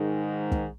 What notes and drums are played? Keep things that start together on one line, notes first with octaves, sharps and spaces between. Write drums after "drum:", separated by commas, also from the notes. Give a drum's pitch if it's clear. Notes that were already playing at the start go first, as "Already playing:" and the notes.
Already playing: G#2 D#3
drum: kick